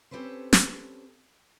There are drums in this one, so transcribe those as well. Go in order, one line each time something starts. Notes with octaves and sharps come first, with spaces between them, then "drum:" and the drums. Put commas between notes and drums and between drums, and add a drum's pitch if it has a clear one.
C4 C#4 G4 A4 B4 C5
drum: snare